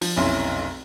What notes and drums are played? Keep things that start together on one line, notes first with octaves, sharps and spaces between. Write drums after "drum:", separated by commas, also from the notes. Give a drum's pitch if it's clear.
F3, drum: open hi-hat
F1 B1 C#4 E4 C6